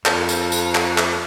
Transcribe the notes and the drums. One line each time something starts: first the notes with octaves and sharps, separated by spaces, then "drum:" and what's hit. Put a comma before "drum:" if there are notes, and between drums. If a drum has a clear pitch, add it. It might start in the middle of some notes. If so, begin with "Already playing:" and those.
F2 A4 A#4 C5, drum: clap
drum: tambourine
drum: tambourine
drum: clap
drum: clap